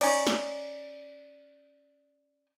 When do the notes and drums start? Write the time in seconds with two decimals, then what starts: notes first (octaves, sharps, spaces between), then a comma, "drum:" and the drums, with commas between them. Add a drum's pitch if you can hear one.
0.01 C#4 D#4 D5, drum: cymbal
0.27 drum: snare